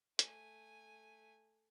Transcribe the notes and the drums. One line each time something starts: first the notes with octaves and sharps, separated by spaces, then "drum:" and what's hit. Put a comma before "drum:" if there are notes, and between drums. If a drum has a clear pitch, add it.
A3 G#5, drum: hi-hat